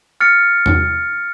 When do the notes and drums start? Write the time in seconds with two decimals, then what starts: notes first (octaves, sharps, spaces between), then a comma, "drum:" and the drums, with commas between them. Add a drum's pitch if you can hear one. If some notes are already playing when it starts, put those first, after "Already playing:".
0.21 F6 A6 C#7
0.66 drum: tom E2